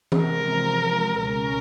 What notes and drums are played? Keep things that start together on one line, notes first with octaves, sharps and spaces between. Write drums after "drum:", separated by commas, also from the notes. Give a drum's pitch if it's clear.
drum: tom E3
C3 F3 G#3 C4 A#4
C#2 B2 G#3 C#4 A#4